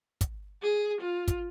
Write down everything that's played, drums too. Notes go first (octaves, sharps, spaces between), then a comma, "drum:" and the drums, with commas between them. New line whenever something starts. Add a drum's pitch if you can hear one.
drum: kick, hi-hat
G#4
F4
drum: kick, hi-hat